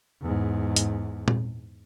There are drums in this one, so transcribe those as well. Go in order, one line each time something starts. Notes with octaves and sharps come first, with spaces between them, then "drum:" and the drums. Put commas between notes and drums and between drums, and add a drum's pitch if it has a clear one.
E2 G#2
drum: hi-hat
drum: tom A#2